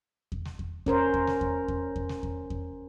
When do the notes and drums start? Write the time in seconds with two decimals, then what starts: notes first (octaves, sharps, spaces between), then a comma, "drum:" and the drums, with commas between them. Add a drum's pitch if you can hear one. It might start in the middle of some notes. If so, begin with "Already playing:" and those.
0.32 drum: kick E2
0.45 drum: snare
0.59 drum: kick E2
0.86 C#4 A#4 C5, drum: kick E2
1.14 drum: kick E2
1.27 drum: snare
1.41 drum: kick E2
1.68 drum: kick E2
1.96 drum: kick E2
2.09 drum: snare
2.23 drum: kick E2
2.50 drum: kick E2